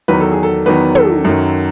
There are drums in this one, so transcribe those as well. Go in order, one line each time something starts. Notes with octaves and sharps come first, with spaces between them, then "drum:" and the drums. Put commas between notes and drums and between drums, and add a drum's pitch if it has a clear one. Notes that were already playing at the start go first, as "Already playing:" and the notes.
E2 D#3 F#3 B4
A4
G#4
A4
E2 D#3 F#3 B3 B4
A4, drum: tom
F#2 D#3 F#3